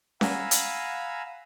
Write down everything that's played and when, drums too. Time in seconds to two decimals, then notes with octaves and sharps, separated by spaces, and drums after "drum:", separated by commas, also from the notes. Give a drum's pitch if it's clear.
0.21 F5 F#5 G#5 A#5 B5 E6, drum: snare C#4
0.51 drum: hi-hat